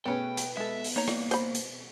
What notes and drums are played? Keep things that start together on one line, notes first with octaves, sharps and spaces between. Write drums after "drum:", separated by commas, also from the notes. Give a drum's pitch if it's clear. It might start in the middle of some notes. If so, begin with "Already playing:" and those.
B2 A3 C#4 G#4 B4 G5
drum: hi-hat
G#3 A4 E5
drum: open hi-hat
A#3 D#4 C#5 A#5
drum: rim click
C5 B5, drum: hi-hat
drum: hi-hat